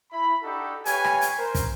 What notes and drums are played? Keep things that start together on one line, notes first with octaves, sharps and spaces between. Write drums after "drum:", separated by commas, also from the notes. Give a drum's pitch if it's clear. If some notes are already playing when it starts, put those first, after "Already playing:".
E4 B5
D4 D#4 F#4 G4 A4
G4 B4 C#5 F5 G#5, drum: hi-hat
drum: rim click
drum: hi-hat
A#4 C5
drum: kick, hi-hat